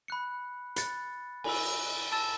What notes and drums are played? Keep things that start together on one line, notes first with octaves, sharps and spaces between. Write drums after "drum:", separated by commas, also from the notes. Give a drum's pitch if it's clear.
B5 F#6 C#7
B5 F#6 A6 C#7, drum: hi-hat
G#5 B5 E6, drum: cymbal
A5 E6 A6 E7